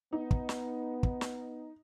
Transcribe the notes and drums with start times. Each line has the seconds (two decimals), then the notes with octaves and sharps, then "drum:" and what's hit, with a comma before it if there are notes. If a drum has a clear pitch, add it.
0.13 B3 D#4
0.31 drum: kick
0.49 drum: snare
1.03 drum: kick
1.21 drum: snare